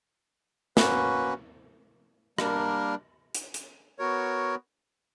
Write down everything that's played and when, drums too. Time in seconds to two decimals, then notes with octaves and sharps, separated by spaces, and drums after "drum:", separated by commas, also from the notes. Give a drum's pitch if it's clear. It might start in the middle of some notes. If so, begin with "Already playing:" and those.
0.77 A#3 C#4 F#4 B4, drum: snare
2.38 G3 A#3 D4 A#4, drum: rim click
3.35 drum: hi-hat
3.54 drum: hi-hat
3.99 B3 F#4 A#4 C#5